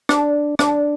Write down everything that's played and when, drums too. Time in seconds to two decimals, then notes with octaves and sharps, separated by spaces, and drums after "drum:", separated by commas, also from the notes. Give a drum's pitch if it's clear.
0.09 D4, drum: rim click
0.59 D4, drum: rim click